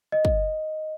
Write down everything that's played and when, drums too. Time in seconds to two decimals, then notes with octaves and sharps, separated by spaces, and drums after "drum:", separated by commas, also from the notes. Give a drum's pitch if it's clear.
0.12 D#5
0.25 drum: kick